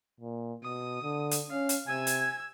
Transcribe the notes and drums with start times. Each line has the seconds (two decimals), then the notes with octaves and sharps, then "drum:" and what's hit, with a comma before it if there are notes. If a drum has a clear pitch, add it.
0.20 A#2
0.63 B2 D#6
1.03 D3
1.31 drum: hi-hat
1.50 C#4 F5
1.69 drum: hi-hat
1.88 C3 G#5 E6 G#6
2.07 drum: hi-hat